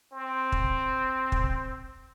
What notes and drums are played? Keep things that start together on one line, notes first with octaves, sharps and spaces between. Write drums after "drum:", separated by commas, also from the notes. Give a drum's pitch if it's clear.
C4
drum: kick
drum: kick